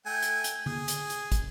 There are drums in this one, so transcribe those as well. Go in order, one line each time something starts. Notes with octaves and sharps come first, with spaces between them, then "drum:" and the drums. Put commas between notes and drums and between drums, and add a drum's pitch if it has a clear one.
A3 G5 G#5
drum: hi-hat
drum: hi-hat
G#4, drum: tom D3
drum: hi-hat
drum: hi-hat
drum: kick, hi-hat